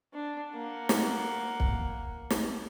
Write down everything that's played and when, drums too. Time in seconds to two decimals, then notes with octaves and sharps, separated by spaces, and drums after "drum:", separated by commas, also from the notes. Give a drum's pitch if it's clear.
0.13 D4
0.54 A#3 F#5
0.89 drum: snare
1.60 drum: kick
2.30 drum: snare